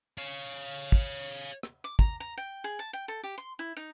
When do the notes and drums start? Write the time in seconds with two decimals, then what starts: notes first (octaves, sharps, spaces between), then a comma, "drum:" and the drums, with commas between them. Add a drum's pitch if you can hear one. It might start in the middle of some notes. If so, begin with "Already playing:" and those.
0.18 C#5 F5
0.92 drum: kick
1.63 drum: rim click
1.84 D6
1.99 A#5, drum: kick
2.20 A#5
2.38 G5
2.64 G#4
2.79 A5
2.93 G5
3.08 A4
3.23 G4
3.38 C6
3.59 E4
3.77 D#4